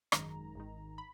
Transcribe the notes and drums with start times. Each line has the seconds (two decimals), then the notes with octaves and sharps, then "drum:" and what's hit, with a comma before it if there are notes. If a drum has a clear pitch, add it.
0.12 G#1 F#2 D#3 G#3 A#5, drum: rim click
0.55 G#1 G#2 D#3
0.98 B5